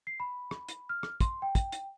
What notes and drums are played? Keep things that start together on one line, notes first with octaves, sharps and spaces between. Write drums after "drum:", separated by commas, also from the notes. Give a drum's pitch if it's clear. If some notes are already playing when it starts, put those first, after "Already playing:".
C7
B5
drum: rim click
drum: hi-hat
F6
drum: rim click
C6, drum: kick, hi-hat
G5
drum: kick, hi-hat
drum: hi-hat